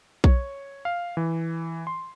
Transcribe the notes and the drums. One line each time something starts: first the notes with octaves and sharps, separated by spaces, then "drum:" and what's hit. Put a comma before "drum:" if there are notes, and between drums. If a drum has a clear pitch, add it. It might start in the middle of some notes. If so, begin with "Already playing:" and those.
C#5, drum: kick B1
F5
E3
C6